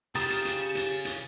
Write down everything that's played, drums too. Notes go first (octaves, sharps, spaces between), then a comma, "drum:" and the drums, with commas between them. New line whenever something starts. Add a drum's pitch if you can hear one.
C#3 G4 A#5 D#6 A6 E7, drum: hi-hat
drum: hi-hat
drum: hi-hat
drum: hi-hat
drum: hi-hat